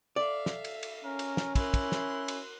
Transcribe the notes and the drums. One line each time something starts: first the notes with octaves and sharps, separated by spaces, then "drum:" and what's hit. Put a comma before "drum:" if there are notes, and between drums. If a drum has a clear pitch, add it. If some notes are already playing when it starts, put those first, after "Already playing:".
A4 D5 E5 F5
drum: snare
drum: cymbal
drum: cymbal
C#4 A#4
drum: cymbal
drum: snare
E4 A#4 C6 F#6, drum: kick, cymbal
drum: kick, cymbal
drum: snare
drum: cymbal